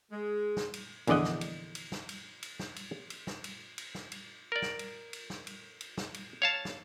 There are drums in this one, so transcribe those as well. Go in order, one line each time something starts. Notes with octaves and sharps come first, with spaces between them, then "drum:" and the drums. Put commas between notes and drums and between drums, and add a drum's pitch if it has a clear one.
G#3
drum: snare
drum: cymbal
A#1 E2 D3 D5 D#5 F#5, drum: cymbal
drum: snare
drum: cymbal
drum: cymbal
drum: snare
drum: cymbal
drum: cymbal
drum: snare
drum: cymbal
drum: cymbal
drum: snare
drum: cymbal
drum: cymbal
drum: snare
drum: cymbal
A#4 D5
drum: snare
drum: cymbal
drum: cymbal
drum: snare
drum: cymbal
drum: cymbal
drum: snare
drum: cymbal
C#5 F5 A5
drum: snare